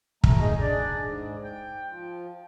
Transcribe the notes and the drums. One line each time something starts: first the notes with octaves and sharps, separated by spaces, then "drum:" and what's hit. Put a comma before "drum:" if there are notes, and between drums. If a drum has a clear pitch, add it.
F#2 A3 A#5, drum: kick
D#4 G#4 D#5
D4 G#4 D5
G#2
G5
F3